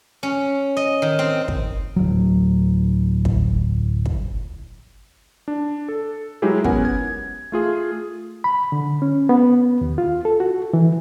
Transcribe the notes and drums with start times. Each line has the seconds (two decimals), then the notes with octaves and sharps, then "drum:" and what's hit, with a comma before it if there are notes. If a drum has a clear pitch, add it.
0.23 C#4
0.77 D#5
1.02 D#3
1.19 C4
1.48 drum: kick
1.96 D1 F#3
3.25 drum: kick
4.06 drum: kick
5.48 D4
5.88 A4
6.42 F#3 G#3 D#4 E4 G4 G#4
6.64 B3 C#4 A#4 B4 F#5 G#5, drum: kick
6.85 G#6
7.52 A3 F4 G#4
8.44 B5
8.72 D3
9.02 C#4
9.29 B3
9.81 D#2
9.98 F4
10.25 A4
10.40 F#4
10.73 E3